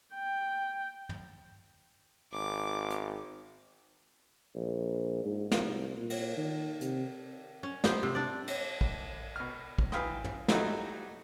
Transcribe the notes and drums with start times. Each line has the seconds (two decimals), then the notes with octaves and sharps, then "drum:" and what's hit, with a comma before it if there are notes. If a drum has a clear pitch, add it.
0.14 G5
1.09 drum: tom
2.33 G#1 D6
2.90 drum: hi-hat
4.56 A#1
5.25 G#2
5.52 drum: snare
5.63 C2
5.97 A#2
6.10 drum: cymbal
6.37 D#3
6.81 C3, drum: hi-hat
7.63 C#4
7.84 B3 G4 C5, drum: snare
8.03 C3
8.15 D4 D5
8.47 drum: cymbal
8.81 drum: kick
9.36 B2 F6
9.78 drum: kick
9.92 E3 B4 F5 G5 D#6, drum: rim click
10.24 drum: tom
10.48 F#3 G3 A3 D#4 F#4, drum: snare